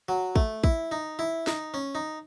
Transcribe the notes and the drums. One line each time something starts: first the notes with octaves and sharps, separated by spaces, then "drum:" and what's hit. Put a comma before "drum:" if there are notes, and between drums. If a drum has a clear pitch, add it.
F#3
A3, drum: kick
E4, drum: kick
D#4
E4
D#4, drum: snare
C#4
D#4